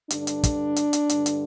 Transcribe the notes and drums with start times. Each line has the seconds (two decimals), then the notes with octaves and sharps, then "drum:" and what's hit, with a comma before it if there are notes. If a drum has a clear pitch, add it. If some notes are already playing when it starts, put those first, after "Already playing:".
0.10 G2 D3 D4, drum: hi-hat
0.27 drum: hi-hat
0.43 drum: kick, hi-hat
0.76 drum: hi-hat
0.93 drum: hi-hat
1.09 G2 D3, drum: hi-hat
1.26 drum: hi-hat